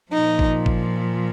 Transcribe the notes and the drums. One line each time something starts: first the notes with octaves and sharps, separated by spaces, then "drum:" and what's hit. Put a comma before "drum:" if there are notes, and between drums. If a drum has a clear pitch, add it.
A#2 F3 D#4
drum: kick G#1
drum: kick G#1